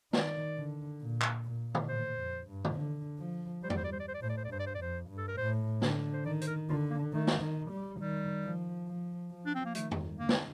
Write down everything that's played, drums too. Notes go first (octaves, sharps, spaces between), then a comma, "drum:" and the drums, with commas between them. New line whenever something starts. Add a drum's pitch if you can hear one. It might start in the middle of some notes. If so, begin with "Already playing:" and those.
D#3 D5, drum: snare
D3
A#2
drum: clap
A#2
drum: tom D3
A2 C5
F2
G2
drum: tom D3
D3
F3
G3 C5
D5, drum: tom E2
C5
D5
C5
D5
C5
D5
A2 C5
D5
C5
D5
G2 C5
D5
C5
D5
F2 C5
G2
A4
A#4
A2 C5
D3, drum: snare
C5
D#3 D5
C5, drum: hi-hat
A#4
D3 F4
A#3
D#3 A3
drum: snare
D#3
G3
D#3 G3
F3
F3
F3
D4
C4
A#3
D#3 A3, drum: hi-hat
drum: tom E2
D3 A#3
drum: snare